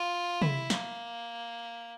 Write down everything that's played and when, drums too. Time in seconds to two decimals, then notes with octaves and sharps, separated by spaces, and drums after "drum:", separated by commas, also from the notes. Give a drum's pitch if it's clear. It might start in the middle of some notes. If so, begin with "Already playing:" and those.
Already playing: F4
0.42 E4, drum: tom
0.70 A#3, drum: snare